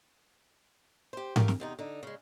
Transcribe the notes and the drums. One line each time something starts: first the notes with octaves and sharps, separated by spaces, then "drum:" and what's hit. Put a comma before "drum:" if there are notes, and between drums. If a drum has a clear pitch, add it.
G4 C5
A3 G4 A#4 F5, drum: tom G#2
drum: snare
E2 C3 D#4
D3 D#4
C#3 G#3